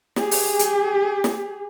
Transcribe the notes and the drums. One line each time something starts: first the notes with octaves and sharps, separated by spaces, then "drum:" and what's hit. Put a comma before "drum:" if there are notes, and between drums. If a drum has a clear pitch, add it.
G4 G#4, drum: snare
drum: open hi-hat
drum: hi-hat
drum: snare